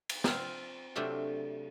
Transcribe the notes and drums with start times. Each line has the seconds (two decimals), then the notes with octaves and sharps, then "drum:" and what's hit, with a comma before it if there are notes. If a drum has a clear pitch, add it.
0.09 drum: cymbal
0.24 C4 F4, drum: snare
0.95 C3 F#3 A3 D4 F4